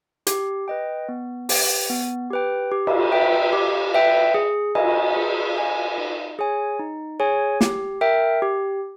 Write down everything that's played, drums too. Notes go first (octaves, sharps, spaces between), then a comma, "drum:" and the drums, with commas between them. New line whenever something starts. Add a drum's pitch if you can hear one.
G4, drum: hi-hat
B4 D#5 G5
B3
G4 B4 G5, drum: open hi-hat
B3
G4 B4 G5
G4
drum: cymbal
B4 E5 G5
G4
B4 E5 G5
G#4
D#5 G#5, drum: cymbal
G#4
D#5 G#5
D#4
G#4 C#5 G#5
D#4
G#4 C#5 G#5
G4, drum: snare
A#4 E5 G5
G4